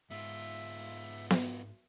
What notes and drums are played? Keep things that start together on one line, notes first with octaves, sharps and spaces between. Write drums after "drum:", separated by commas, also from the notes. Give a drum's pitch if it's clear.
G#2 B3 F4 E5
drum: snare B3